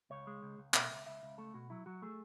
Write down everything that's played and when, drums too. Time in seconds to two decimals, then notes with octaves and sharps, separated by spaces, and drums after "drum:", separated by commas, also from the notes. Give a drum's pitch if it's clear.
0.10 C#2 C#5
0.27 G#3
0.43 C#2
0.58 C#2
0.74 B2 E5, drum: clap
0.91 C#2
1.06 C#2 E5
1.23 C#2
1.38 A3 A4
1.54 B2 F#4
1.70 F#3 E4
1.86 F#3 F#4
2.02 A3 G#4